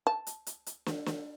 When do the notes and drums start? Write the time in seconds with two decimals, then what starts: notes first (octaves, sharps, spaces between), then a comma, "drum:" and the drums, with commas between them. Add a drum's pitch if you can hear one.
0.07 A5
0.27 drum: hi-hat
0.47 drum: hi-hat
0.66 drum: hi-hat
0.86 drum: snare
1.06 drum: snare